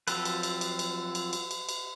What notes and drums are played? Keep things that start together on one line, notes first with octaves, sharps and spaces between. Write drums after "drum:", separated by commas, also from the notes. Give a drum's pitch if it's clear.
F3 F#3 C4 A4 B4, drum: cymbal
drum: cymbal
drum: cymbal
drum: cymbal
drum: cymbal
drum: cymbal
drum: cymbal
drum: cymbal
drum: cymbal